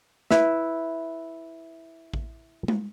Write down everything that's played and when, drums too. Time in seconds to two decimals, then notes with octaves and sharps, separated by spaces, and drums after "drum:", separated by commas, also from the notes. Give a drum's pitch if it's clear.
0.31 E4 B4 E5, drum: snare
2.14 drum: kick A1
2.68 drum: tom G#3